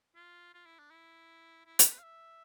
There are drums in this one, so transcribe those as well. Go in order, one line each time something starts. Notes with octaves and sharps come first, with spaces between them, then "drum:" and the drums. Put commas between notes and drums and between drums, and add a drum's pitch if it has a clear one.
F4
F4
E4
D4
E4
E4
G4, drum: hi-hat
B4
F5
E5